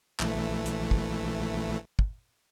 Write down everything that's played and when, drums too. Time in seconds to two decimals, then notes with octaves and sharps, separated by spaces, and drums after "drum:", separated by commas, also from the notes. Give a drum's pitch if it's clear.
0.20 A#1 E3 A3, drum: clap
0.66 drum: hi-hat
0.91 drum: kick
1.99 drum: kick